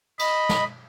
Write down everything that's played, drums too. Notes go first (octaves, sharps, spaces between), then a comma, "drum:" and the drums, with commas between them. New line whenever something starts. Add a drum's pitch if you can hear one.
D#5 B5, drum: cymbal
drum: snare